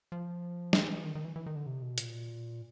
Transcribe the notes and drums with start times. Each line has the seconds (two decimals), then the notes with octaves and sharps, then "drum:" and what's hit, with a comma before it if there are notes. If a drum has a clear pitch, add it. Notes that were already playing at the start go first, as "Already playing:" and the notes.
0.12 F3
0.73 E3, drum: snare
1.05 D#3
1.15 D#3
1.25 E3
1.36 E3
1.46 D#3
1.55 D3
1.66 C3
1.82 B2
1.98 A#2, drum: hi-hat